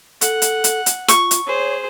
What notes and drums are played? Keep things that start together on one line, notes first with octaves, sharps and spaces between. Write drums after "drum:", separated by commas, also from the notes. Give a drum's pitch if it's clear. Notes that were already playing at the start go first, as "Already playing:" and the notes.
A4 F#5, drum: hi-hat
drum: hi-hat
drum: hi-hat
drum: hi-hat
F4 C#6, drum: hi-hat
drum: hi-hat
G#4 C5 C#5